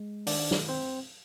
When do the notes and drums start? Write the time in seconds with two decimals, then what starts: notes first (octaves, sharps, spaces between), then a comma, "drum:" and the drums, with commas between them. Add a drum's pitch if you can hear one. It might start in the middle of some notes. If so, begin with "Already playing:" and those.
Already playing: G#3
0.27 D#3 D4 D5, drum: open hi-hat
0.51 drum: snare
0.69 C4 C5